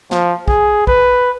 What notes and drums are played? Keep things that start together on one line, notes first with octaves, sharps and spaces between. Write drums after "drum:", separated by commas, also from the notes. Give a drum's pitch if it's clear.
F3, drum: snare
G#4, drum: kick
B4, drum: kick